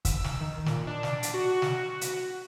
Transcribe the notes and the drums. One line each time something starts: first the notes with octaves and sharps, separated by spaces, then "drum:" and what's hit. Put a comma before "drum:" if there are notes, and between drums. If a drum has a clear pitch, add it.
E6, drum: kick, hi-hat
drum: snare
D#3
A#2, drum: snare
D4
drum: snare
drum: hi-hat
F#4
drum: snare
drum: hi-hat